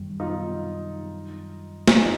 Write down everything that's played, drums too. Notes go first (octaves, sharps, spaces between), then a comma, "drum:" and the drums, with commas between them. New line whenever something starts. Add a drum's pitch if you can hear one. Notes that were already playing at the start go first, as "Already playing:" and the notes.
Already playing: F#2 D#3 G3
D#4 F4
drum: snare
D#4